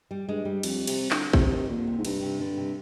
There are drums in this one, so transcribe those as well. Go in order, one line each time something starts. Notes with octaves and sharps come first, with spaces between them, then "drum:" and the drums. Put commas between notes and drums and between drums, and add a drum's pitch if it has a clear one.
G3
G2 G#3
G3
F2, drum: cymbal
C3, drum: cymbal
D3, drum: clap
C3 F3, drum: kick
D#3
D#3
A#2 D3
C3
G#2
G2 C3, drum: cymbal
C3
G2 D3
C3